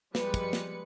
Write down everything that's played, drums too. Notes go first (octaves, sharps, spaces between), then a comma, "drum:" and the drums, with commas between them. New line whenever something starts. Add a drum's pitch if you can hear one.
F3 G3 G#3 B4 C#7, drum: snare
drum: kick, hi-hat
drum: snare